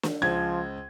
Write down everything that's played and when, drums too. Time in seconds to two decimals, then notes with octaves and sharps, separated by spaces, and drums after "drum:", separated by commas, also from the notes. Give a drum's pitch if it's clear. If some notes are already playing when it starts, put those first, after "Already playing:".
0.03 drum: snare
0.22 C#2 F3 G#3 C5 G#6